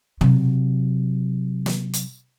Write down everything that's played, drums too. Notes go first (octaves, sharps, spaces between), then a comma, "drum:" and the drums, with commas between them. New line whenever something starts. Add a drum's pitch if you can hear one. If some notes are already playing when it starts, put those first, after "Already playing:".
C3 F#3, drum: tom
drum: snare
drum: hi-hat